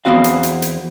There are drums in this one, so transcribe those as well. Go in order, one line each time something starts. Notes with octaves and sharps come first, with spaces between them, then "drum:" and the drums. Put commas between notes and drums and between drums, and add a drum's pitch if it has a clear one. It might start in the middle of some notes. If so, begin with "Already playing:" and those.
E2 C#3 B3 C4 F#4 F5
drum: hi-hat
drum: hi-hat
drum: hi-hat